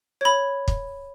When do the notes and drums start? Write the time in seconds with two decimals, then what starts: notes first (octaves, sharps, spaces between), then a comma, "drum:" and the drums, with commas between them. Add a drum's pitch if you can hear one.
0.21 C#5 B5
0.68 drum: kick